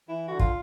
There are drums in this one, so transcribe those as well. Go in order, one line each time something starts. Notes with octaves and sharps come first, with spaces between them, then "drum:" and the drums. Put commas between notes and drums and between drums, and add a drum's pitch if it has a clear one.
E3 E4
D3 F#4
F4, drum: kick